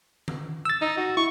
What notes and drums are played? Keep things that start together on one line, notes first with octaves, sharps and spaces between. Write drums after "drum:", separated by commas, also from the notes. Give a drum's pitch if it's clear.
drum: tom D#3
E6 A6
D#4
F#4
E4 C#6